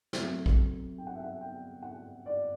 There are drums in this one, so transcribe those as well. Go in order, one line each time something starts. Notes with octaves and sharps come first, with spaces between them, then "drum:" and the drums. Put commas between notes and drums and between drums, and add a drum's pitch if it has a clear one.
C3 F#3 A3 E5, drum: snare
drum: kick A#1
G5
F#5
E5
F#5
G5
F#5
D5